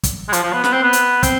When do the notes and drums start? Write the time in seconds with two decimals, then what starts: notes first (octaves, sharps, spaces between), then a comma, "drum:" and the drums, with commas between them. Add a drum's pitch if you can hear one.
0.03 drum: kick, hi-hat
0.29 G#3
0.33 F3, drum: hi-hat
0.43 F3
0.53 B3
0.64 B3, drum: snare
0.73 C4
0.83 B3
0.93 drum: hi-hat
1.23 C4, drum: kick, hi-hat